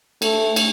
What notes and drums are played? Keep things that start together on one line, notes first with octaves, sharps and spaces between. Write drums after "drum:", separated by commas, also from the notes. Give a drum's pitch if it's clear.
A3, drum: cymbal
drum: cymbal